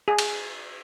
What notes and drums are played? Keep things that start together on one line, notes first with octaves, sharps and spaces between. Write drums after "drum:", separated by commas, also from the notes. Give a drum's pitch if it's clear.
G#4
drum: cymbal